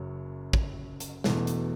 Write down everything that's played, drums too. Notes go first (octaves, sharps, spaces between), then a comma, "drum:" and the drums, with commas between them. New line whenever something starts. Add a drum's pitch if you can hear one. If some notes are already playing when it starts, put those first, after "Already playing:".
Already playing: F#1 F#2 F#3
drum: kick
drum: hi-hat
E1 E2 B2 A3 E4, drum: snare
drum: hi-hat